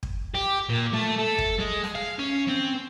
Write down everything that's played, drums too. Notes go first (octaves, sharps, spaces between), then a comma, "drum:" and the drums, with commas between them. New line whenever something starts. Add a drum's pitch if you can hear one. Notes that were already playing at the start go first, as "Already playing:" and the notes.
drum: kick
G4
A#2
A3
A4
drum: kick
G#3
drum: rim click
F5
C#4
C4